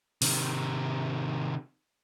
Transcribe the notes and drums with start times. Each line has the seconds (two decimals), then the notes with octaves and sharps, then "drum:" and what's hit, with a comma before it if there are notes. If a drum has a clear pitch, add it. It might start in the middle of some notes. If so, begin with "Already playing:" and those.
0.22 C3 D#3, drum: open hi-hat